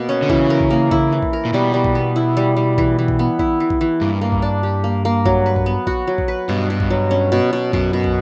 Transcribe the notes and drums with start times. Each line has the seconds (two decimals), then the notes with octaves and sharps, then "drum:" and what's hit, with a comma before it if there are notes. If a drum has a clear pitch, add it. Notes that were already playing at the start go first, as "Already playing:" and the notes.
Already playing: B2 A#3
0.09 C#4
0.22 D3
0.29 C#3 E3, drum: kick
0.50 A#4
0.61 drum: kick
0.71 A#3
0.91 E4, drum: kick
1.12 E3
1.23 drum: kick
1.33 A#4
1.45 A#2
1.53 B2 G3
1.74 G3
1.84 drum: kick
1.95 B3
2.16 E4
2.37 G3
2.57 G3
2.78 E3, drum: kick
2.99 E3
3.08 drum: kick
3.19 B3
3.39 E4, drum: kick
3.60 E3
3.70 drum: kick
3.81 E3
4.01 G2 A#3
4.21 A#3
4.32 drum: kick
4.42 D4
4.63 G4
4.84 A#3
5.05 A#3
5.26 F#3, drum: kick
5.46 B4
5.56 drum: kick
5.66 B3
5.87 F#4, drum: kick
6.07 F#3
6.18 drum: kick
6.28 B4
6.49 G2 B2
6.70 B2
6.80 drum: kick
6.90 F#3
7.11 C#4
7.32 B2
7.53 B2
7.73 F#2 B2, drum: kick
7.93 B2
8.04 drum: kick